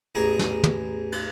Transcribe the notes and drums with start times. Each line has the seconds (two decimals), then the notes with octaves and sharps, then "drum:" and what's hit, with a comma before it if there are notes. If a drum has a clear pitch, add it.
0.15 A1 E2 G#4 G#5 A#5
0.39 drum: snare
0.64 drum: tom
1.12 drum: cymbal